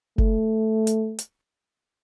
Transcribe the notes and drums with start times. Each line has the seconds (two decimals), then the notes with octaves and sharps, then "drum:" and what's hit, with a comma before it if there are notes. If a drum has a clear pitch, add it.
0.18 A3, drum: kick F#1
0.87 drum: hi-hat
1.19 drum: hi-hat